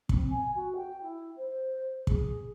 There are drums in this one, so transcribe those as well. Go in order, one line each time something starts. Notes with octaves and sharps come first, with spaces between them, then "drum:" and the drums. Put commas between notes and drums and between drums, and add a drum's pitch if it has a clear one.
C4, drum: kick
G#5
F#4
G5
E4
C5
G#4, drum: kick